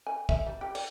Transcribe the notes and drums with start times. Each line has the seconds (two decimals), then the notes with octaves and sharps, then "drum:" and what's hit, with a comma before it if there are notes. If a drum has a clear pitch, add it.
0.07 G#5
0.29 E5, drum: kick
0.47 G3
0.61 G4
0.75 D5, drum: cymbal